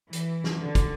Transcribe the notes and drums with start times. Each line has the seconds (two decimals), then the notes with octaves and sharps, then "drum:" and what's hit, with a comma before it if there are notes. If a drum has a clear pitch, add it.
0.13 E3, drum: hi-hat
0.44 drum: snare
0.60 D3
0.75 drum: kick, hi-hat